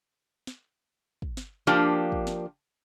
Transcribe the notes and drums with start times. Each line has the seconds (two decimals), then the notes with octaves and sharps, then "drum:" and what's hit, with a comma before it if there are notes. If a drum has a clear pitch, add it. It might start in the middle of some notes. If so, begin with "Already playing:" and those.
0.47 drum: snare
1.22 drum: kick
1.37 drum: snare
1.67 F3 A#3 D4 G4
2.12 drum: kick
2.27 drum: snare